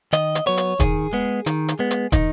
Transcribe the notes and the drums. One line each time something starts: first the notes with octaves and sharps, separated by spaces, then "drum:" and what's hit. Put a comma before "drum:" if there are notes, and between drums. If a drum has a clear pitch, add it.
D#3 D#5, drum: hi-hat
drum: hi-hat
F#3 B3 C#5
drum: hi-hat
D#3 G#4, drum: kick, hi-hat
G#3 B3
D#3, drum: hi-hat
drum: hi-hat
G#3 B3
drum: hi-hat
D#3 D#4, drum: kick, hi-hat